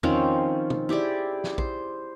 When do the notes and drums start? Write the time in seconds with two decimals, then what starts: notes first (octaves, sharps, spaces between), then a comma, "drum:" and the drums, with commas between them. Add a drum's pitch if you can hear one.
0.03 D#3 F3 C4 C#4, drum: tom E2
0.70 drum: tom
0.89 E4 G4 G#4 D5
1.44 drum: snare
1.58 C5, drum: kick A#1